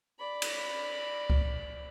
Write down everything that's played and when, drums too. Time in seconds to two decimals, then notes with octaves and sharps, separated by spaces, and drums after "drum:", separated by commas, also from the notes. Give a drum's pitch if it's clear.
0.19 D5 B5
0.42 drum: cymbal
1.30 drum: kick C#2